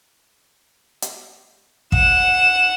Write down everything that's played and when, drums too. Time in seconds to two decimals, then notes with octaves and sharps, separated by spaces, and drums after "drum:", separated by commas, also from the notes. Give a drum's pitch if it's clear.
1.02 drum: hi-hat
1.92 F#5 E7, drum: kick